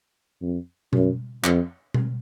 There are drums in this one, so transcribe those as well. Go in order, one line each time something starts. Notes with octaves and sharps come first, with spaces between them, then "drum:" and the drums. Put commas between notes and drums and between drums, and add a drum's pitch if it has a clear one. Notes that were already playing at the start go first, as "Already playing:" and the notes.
F2
F#2, drum: tom B2
F2, drum: clap
drum: tom B2